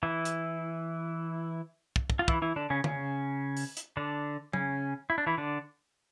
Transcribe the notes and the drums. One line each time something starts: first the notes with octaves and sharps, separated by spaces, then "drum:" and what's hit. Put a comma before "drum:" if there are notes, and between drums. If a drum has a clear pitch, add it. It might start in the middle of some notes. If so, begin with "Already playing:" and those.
E3 E4
drum: hi-hat
drum: kick
drum: kick
F4
E3 E4, drum: kick
E3 E4
D3 D4
C#3 C#4
C#3 C#4, drum: tom
drum: open hi-hat
drum: hi-hat
D3 D4
C#3 C#4, drum: tom
E4
D4
E3 E4
D3 D4